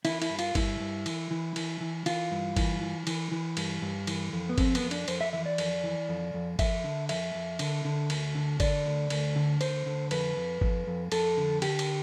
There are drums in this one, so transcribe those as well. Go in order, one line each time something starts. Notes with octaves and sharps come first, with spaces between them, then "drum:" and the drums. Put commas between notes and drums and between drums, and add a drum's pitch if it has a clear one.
E3 E4, drum: cymbal
E4, drum: cymbal
G2
F4, drum: cymbal
G2 E4, drum: kick G1, cymbal
G2
E3, drum: cymbal
E3
E3, drum: cymbal
E3
E3 F4, drum: cymbal
G2
E3, drum: kick G1, cymbal
E3
E3, drum: cymbal
E3
G2, drum: cymbal
G2
E3, drum: cymbal
F2
B3
F2 C4, drum: kick G1, cymbal
B3, drum: cymbal
F2
D4, drum: cymbal
F2 C5, drum: cymbal
E5
E3 E5
D5
F2, drum: cymbal
E3
F2
F2
F2 E5, drum: kick G1, cymbal
D3
F2 E5, drum: cymbal
F2
D3, drum: cymbal
D3
D2, drum: cymbal
D3
D3 D5, drum: kick G1, cymbal
D2
D2, drum: cymbal
D3
D2 C5, drum: cymbal
D3
F2 B4, drum: cymbal
F2
F2, drum: kick G1
F2
F2 A4, drum: cymbal
D3
D3 G4, drum: cymbal
drum: cymbal